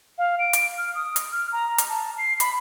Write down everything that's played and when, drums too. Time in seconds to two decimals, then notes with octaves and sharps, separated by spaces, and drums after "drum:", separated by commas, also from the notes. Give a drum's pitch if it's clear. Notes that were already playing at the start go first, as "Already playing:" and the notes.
0.18 F5
0.39 D7
0.53 drum: hi-hat
0.78 F6
0.95 D#6
1.16 drum: hi-hat
1.31 F6
1.52 A#5
1.78 drum: hi-hat
1.89 A5
2.18 C7
2.40 B5, drum: hi-hat